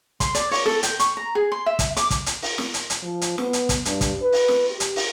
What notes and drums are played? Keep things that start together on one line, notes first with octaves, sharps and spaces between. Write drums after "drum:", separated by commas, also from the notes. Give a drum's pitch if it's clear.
C6, drum: kick, hi-hat
D5, drum: hi-hat
C#5, drum: open hi-hat
A4, drum: snare
G5, drum: hi-hat
C#6, drum: hi-hat
A#5
G#4
C6
E5
drum: kick, hi-hat
D6, drum: hi-hat
drum: kick, hi-hat
drum: hi-hat
drum: open hi-hat
drum: snare
drum: hi-hat
drum: hi-hat
F3
drum: hi-hat
B3, drum: snare
drum: hi-hat
drum: kick, hi-hat
G2, drum: hi-hat
drum: kick, hi-hat
B4
drum: open hi-hat
drum: snare
G4
drum: hi-hat
drum: open hi-hat